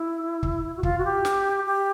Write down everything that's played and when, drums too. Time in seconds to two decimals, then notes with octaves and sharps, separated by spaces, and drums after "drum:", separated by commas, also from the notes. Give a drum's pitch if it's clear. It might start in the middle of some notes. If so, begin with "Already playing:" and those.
Already playing: E4
0.43 drum: kick
0.77 F#4
0.83 F4, drum: kick
0.98 F#4
1.05 G4
1.25 drum: snare
1.66 G4